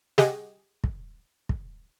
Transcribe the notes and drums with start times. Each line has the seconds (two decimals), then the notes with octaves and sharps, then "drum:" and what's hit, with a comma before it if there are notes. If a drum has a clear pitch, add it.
0.18 G4 G#4 D#5 F#5, drum: snare
0.84 drum: kick
1.49 drum: kick